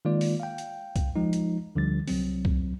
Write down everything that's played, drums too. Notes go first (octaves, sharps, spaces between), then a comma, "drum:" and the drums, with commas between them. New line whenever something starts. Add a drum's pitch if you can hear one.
D#3 G#3 A#3 F4 D5
drum: open hi-hat
F5 G5
drum: hi-hat
drum: kick, hi-hat
F3 G#3 D#4
drum: hi-hat
D2 D3 F3 G3 A6
C2 F#3 C4, drum: open hi-hat
drum: kick